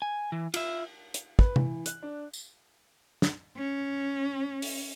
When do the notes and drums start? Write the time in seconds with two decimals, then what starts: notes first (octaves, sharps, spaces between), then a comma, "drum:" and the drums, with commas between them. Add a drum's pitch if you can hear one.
0.02 G#5
0.32 E3
0.54 F4 E5, drum: cymbal
1.14 drum: hi-hat
1.39 B4, drum: kick
1.56 E3, drum: tom C3
1.86 F#6, drum: hi-hat
2.02 D4
2.33 drum: tambourine
3.22 drum: snare
3.57 C#4
4.62 drum: open hi-hat